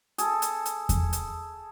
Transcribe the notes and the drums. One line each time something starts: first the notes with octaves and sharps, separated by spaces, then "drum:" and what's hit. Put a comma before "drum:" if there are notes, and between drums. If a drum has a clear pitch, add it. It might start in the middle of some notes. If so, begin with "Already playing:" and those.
G#4 A4, drum: hi-hat
drum: hi-hat
drum: hi-hat
drum: kick E2, hi-hat
drum: hi-hat